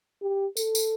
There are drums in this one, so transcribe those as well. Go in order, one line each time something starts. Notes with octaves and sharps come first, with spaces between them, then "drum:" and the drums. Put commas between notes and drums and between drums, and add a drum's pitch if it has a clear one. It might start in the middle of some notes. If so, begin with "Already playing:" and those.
G4
A4, drum: tambourine
drum: tambourine